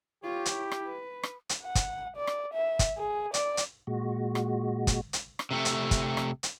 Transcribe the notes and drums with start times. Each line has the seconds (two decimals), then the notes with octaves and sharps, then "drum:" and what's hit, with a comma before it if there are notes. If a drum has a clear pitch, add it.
0.24 F4 G4 C#5
0.46 drum: hi-hat
0.55 E4
0.71 drum: rim click
0.86 B4
1.23 drum: rim click
1.49 drum: hi-hat
1.63 F#5
1.75 drum: kick, hi-hat
2.16 D5
2.27 drum: rim click
2.53 E5
2.79 drum: kick, hi-hat
2.97 G#4
3.34 D5, drum: hi-hat
3.57 drum: hi-hat
3.87 A#2 G#3 F#4
4.35 drum: rim click
4.87 drum: kick, hi-hat
5.13 drum: hi-hat
5.39 drum: rim click
5.51 C3 A3
5.65 drum: hi-hat
5.91 drum: kick, hi-hat
6.17 drum: rim click
6.43 drum: hi-hat